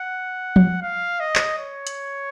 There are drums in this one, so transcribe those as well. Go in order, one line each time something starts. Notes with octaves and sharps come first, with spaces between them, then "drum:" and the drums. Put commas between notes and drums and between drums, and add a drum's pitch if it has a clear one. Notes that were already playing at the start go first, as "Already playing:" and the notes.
Already playing: F#5
drum: tom F3
F5
D#5
drum: clap
C#5
drum: hi-hat